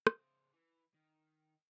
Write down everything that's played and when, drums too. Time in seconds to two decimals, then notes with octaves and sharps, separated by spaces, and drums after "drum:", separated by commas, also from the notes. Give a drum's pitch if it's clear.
0.07 C#3 C5, drum: rim click
0.53 E3
0.94 D#3